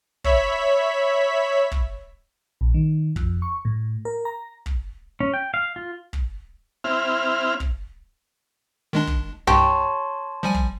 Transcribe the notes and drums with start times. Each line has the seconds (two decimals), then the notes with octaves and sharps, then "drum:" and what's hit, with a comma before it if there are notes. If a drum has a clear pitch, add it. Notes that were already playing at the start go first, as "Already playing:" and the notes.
0.24 C#5 E5 B5 B6, drum: kick
1.72 drum: kick
2.61 A#1
2.74 D#3
3.16 F2, drum: kick
3.42 C#6
3.65 A2
4.05 A#4
4.25 A#5
4.66 drum: kick
5.20 C#4
5.34 G5
5.54 F5
5.76 F4
6.13 drum: kick
6.84 C4 E4 F6
7.60 drum: kick
8.93 D#3 G#3 D4
9.07 drum: kick
9.47 C2 G2 G4 C#5 A5 C6
10.43 F3 G3 G#5
10.54 drum: kick